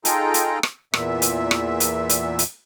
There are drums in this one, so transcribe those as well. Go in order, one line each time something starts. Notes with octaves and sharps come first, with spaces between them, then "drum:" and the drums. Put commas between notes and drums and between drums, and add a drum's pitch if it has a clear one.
D#4 F4 G#4 A4 G5 A#5, drum: hi-hat
drum: hi-hat
drum: rim click
E2 A#2 E5, drum: rim click
drum: hi-hat
drum: rim click
drum: hi-hat
drum: hi-hat
drum: hi-hat